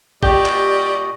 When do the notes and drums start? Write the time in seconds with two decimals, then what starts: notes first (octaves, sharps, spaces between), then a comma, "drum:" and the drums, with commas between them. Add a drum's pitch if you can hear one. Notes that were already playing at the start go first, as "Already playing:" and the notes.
0.23 A#2 G3 F#4 G4 D5 D#5, drum: kick A1
0.46 drum: clap